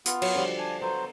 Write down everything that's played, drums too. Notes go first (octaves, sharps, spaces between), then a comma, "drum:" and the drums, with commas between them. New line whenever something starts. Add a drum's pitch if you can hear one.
B3 F4, drum: hi-hat
F#3, drum: cymbal
D3 F3 G3
D4 G#5
F#3 B3 A4 C5